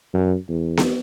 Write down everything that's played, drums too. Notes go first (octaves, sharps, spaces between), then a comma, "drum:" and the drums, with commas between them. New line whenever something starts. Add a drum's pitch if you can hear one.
F#2
E2
drum: snare B3